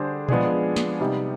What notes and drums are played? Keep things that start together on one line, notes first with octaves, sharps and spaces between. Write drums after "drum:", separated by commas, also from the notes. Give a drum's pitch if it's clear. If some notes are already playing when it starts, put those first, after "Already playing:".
Already playing: D3 G3 D4 G#4 C5
F3 G#3 B3 D4 G#4, drum: tom A#2
drum: snare
C3 G3 B3 D#4